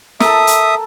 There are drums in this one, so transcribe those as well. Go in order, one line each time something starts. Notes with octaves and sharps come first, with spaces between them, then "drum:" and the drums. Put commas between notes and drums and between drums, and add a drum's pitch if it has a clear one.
A4 A#4 E5 D#6, drum: snare
drum: hi-hat